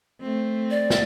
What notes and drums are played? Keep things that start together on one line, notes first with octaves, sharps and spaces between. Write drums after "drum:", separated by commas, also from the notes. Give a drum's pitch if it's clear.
A3 C4
D5
drum: snare